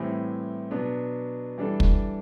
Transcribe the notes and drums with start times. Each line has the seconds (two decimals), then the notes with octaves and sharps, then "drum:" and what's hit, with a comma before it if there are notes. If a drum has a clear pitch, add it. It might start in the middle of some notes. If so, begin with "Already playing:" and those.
Already playing: A2 E3 G3 C4
0.71 B2 F#3 B3 D4
1.58 E3 G3 D4 A4
1.80 drum: kick